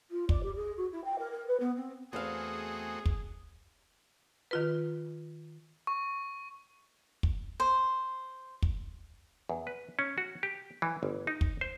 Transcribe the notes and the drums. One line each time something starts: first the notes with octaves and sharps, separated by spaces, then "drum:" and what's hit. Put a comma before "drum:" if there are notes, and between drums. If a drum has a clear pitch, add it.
F4
D5, drum: kick
G4
G#4
F#4
E4
G5
A#4
A#4
B4
B3
C4
E2 A3 C4 F#4 G#4 C5 F5
drum: kick
D#3 F4 B4
C#6
drum: kick
C5
drum: kick
E2
B4
C#4
F#4
G4
E3
G1
D#4
drum: kick
C5